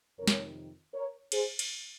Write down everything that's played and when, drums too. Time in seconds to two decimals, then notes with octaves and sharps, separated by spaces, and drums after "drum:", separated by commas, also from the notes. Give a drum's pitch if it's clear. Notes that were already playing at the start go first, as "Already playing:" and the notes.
0.18 F2 C3 D#3 A#4 C#5
0.27 drum: snare
0.94 A#4 C#5
1.32 G#4 C5, drum: cymbal
1.59 drum: cymbal